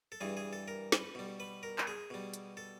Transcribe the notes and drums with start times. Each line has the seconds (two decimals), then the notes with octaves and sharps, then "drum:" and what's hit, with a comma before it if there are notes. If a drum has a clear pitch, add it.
0.12 A4
0.21 G2 E3 G3 G#4
0.37 G#4
0.53 A4
0.68 A#4
0.92 B4, drum: snare
1.15 B2 G3
1.40 B4
1.63 A#4
1.78 drum: clap
1.87 G#4
2.10 B2 G3
2.34 drum: hi-hat
2.57 A4